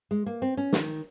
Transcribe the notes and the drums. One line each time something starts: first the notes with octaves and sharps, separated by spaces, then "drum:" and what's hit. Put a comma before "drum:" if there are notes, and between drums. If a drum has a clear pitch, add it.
G#3
A#3
C4
C#4
D#3, drum: snare